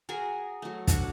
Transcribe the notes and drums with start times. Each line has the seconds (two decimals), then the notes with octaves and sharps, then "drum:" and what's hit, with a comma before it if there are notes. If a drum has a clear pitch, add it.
0.09 F#4 G#4 A#4 G#5
0.62 F#3 A3
0.87 D4 F#4 C#5, drum: kick, hi-hat